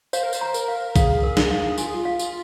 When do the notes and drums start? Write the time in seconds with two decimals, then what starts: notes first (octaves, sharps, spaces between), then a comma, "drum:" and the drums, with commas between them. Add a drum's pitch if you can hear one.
0.13 C5 F5, drum: tambourine
0.23 A#4
0.33 C5, drum: tambourine
0.41 A#5
0.54 A#4, drum: tambourine
0.68 F5
0.96 G#4 F5, drum: kick B1, tambourine
1.23 A#4
1.37 drum: snare
1.51 F5
1.78 F4 G#5, drum: tambourine
1.86 G#4
1.94 F4
2.05 F5
2.19 F4, drum: tambourine